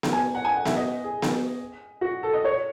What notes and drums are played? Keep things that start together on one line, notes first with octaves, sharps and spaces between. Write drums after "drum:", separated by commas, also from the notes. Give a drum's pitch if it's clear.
drum: snare B3
G#5
F#5
G#5
F#5
E5, drum: snare B3
D#5
G#4
drum: snare B3
F#4
A4
D#5
C#5